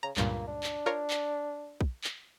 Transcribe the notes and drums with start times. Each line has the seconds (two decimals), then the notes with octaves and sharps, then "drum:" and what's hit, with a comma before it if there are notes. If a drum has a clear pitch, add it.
0.03 C#3 A#5
0.17 C#2 G2 A#2 A#3, drum: clap
0.48 D4
0.63 drum: clap
0.86 F4 A#4 C#5
1.10 drum: clap
1.81 drum: kick
2.04 drum: clap